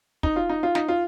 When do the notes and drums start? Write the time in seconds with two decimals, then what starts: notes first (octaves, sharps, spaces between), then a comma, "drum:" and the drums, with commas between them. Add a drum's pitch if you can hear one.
0.23 D#4, drum: kick
0.36 F4
0.49 D#4
0.63 F4
0.75 D#4, drum: snare
0.88 F4